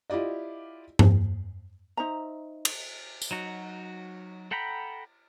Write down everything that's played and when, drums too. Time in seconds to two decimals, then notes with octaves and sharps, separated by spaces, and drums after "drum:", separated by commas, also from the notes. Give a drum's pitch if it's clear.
0.10 E4 F4 G4 D5 D#5
0.99 drum: tom G2
1.97 D#4 C5 E5 A#5
2.65 drum: cymbal
3.22 drum: tambourine
3.31 F#3 D#4 F#4
4.51 A4 F#5 G5 A#5 B5